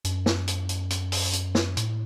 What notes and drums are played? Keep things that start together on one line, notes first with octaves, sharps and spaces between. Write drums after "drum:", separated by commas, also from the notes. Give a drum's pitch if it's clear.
F#2, drum: hi-hat
drum: snare
drum: hi-hat
drum: hi-hat
drum: hi-hat
drum: open hi-hat
drum: hi-hat
drum: snare
A2, drum: hi-hat